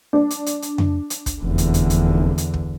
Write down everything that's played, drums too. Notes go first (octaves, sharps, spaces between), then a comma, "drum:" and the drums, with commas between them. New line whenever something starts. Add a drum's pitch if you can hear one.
D4
drum: hi-hat
drum: hi-hat
drum: hi-hat
drum: tom F2
drum: hi-hat
drum: kick, hi-hat
F1 E2 D3
drum: hi-hat
drum: hi-hat
drum: hi-hat
drum: hi-hat
drum: kick